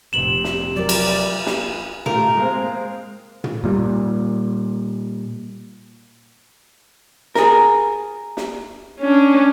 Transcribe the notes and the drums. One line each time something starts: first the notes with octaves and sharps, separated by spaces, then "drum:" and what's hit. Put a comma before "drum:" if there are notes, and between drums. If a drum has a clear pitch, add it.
F1 C3 E7 F#7
drum: snare
F#3 A#4 D5
drum: cymbal
drum: snare
A3 F4 G4 A#4, drum: tom
G#3 A#3 C4
drum: tom
A#2 G3
G#4 A#4, drum: snare
drum: snare
C#4 D4